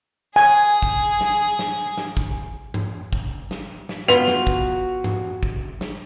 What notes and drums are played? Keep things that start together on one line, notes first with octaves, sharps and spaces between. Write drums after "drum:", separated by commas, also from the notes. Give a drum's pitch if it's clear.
G#4 G#5
drum: kick
drum: snare
drum: snare
drum: snare
drum: kick
drum: tom G2
drum: kick
drum: snare
drum: snare
B3 F4 F#4 F7
drum: snare
drum: kick
drum: tom G2
drum: kick
drum: snare